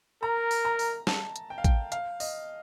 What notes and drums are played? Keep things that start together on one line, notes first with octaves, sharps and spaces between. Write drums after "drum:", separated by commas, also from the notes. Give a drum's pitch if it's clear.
A#4 A#5
drum: open hi-hat
A#5
drum: open hi-hat
A5, drum: snare
drum: hi-hat
G5
F5
G5, drum: kick, hi-hat
F5, drum: hi-hat
D#5, drum: open hi-hat